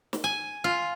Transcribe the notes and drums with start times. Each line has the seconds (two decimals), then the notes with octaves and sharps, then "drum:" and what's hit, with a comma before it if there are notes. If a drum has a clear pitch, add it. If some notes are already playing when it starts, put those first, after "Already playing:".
0.13 drum: snare
0.24 G#5
0.64 F4